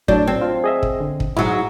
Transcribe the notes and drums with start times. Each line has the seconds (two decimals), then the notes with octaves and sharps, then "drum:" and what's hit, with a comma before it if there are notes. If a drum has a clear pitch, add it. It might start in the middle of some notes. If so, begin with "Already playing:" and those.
0.08 A2 F#3 D4 G6, drum: kick
0.28 C4
0.41 F4
0.64 G#4 D#5 E5
0.83 drum: kick
1.00 D3
1.20 drum: kick
1.37 G#2 F#3 E4 F#4 G#4